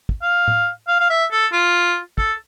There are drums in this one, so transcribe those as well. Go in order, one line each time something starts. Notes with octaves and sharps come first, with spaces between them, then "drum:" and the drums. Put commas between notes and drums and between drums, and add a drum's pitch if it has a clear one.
drum: kick
F5
drum: tom A2
F5
F5
E5
A4
F4
A4, drum: kick